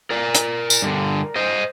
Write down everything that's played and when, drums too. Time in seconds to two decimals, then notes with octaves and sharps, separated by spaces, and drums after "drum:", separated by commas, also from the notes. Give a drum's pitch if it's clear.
0.11 A#4 D5
0.35 drum: hi-hat
0.70 drum: tambourine
0.82 G2 D3
1.36 C5 D#5